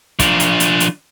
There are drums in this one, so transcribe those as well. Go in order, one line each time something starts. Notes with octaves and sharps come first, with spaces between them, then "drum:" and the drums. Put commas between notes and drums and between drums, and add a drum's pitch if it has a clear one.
F3 D4, drum: kick, hi-hat
drum: hi-hat
drum: hi-hat
drum: hi-hat